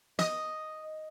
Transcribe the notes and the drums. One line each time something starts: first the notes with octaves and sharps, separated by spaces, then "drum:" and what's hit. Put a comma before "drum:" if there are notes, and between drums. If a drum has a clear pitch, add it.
D#5, drum: snare